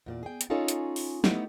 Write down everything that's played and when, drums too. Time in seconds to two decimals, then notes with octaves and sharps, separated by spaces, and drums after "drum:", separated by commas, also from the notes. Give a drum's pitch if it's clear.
0.06 E2 A#2 D5
0.23 G#4 G5
0.41 drum: hi-hat
0.50 C#4 D#4 F4 G#4 A4 C#5
0.68 drum: hi-hat
0.96 drum: open hi-hat
1.24 A3 B3 D#4 E4 G4, drum: snare